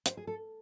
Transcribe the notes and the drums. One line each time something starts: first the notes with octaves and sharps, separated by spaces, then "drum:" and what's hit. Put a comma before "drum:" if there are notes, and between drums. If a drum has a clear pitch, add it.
C5, drum: hi-hat
G#4
A4